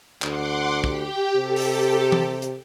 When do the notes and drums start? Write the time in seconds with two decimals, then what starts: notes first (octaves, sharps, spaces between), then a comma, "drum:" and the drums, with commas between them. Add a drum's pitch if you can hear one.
0.22 D2 F#5 C6 D6, drum: clap
0.84 G4 G5, drum: kick
1.36 C3 G4 A4
1.56 drum: open hi-hat
2.12 drum: tom E3
2.42 drum: hi-hat